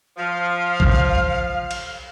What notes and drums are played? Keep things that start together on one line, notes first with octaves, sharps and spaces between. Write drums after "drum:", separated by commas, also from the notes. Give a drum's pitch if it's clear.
F3 F5
drum: kick B1
drum: cymbal